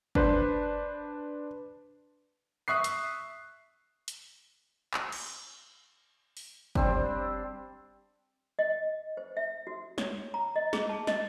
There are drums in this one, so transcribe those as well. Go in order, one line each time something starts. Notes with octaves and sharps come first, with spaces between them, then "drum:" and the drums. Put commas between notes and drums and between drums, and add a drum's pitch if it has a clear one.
D4 B4 C5, drum: kick
E5 C#6 D#6 F#6 C7
drum: hi-hat
drum: hi-hat
drum: clap
drum: cymbal
drum: open hi-hat
G3 C4 D4, drum: kick
D#5
C5
E5
F#4
C#5, drum: snare
A#5
D#5
G#4, drum: snare
A5
D#5, drum: snare